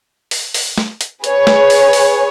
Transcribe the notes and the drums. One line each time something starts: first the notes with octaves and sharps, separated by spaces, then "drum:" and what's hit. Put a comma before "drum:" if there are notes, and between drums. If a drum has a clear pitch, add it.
drum: open hi-hat
drum: open hi-hat
drum: snare
drum: hi-hat
G#4 B4 C#5, drum: hi-hat
drum: snare
drum: open hi-hat
drum: open hi-hat